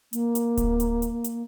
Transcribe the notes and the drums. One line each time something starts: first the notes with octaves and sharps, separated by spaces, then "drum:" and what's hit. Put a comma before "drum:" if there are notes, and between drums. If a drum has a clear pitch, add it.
A#3, drum: hi-hat
drum: hi-hat
drum: kick D1, hi-hat
drum: hi-hat
drum: hi-hat
drum: hi-hat